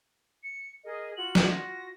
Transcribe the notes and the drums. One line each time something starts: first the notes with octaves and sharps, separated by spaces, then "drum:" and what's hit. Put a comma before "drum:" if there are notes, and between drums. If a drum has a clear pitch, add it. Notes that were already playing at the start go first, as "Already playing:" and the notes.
C#7
G#4 A#4 D#5
F4 F#4 F#7
drum: snare
A#6